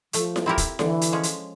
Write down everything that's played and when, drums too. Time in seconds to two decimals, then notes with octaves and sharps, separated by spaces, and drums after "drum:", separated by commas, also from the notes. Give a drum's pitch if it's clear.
0.13 F3 A3, drum: hi-hat
0.36 drum: snare E4
0.46 C4 E4 G4 A#4
0.58 drum: kick, hi-hat
0.79 D3 E3, drum: snare E4
1.01 drum: hi-hat
1.12 F3 G#3 C#4
1.23 drum: hi-hat